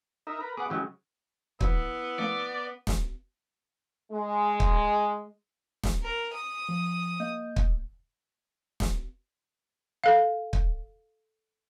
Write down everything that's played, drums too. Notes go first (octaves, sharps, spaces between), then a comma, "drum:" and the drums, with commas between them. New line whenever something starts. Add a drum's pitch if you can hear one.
D#4 A#4 E5
A#4 B4
B3 G#4 F#5 D6
C#3 E3 F#3 G#3 G4
F2 B2 F3 B3 E4, drum: kick
F3 A3 A#3 D5
drum: snare
G#3
drum: kick
drum: snare
A#4
D#6
F3
A#3 D#5 G6
drum: kick
drum: snare
A4 F5
drum: kick